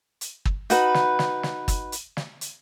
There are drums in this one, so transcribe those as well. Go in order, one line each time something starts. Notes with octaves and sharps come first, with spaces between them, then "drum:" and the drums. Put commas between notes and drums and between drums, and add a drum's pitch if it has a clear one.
drum: hi-hat
drum: kick
D#4 F#4 B4, drum: hi-hat
drum: snare
drum: snare
drum: snare
drum: kick, hi-hat
drum: hi-hat
drum: snare
drum: hi-hat